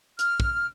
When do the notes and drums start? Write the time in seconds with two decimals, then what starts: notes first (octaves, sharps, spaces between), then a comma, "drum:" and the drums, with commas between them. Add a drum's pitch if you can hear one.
0.19 F6, drum: hi-hat
0.40 drum: kick